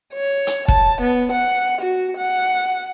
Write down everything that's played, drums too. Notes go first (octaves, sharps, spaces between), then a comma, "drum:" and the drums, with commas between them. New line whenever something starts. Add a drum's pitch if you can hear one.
C#5
drum: hi-hat
A5, drum: kick
B3
F#5
F#4
F#5